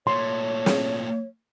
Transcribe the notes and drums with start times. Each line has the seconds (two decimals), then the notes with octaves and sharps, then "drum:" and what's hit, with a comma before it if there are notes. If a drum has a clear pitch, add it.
0.07 A#2 A3 C#5 C6
0.66 drum: snare